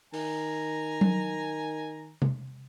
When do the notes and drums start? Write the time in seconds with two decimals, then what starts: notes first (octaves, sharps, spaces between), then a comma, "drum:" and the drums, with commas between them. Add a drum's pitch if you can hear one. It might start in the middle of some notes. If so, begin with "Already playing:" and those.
0.14 D#3 G#5 A#5, drum: open hi-hat
1.01 drum: tom F#3
2.22 drum: tom C3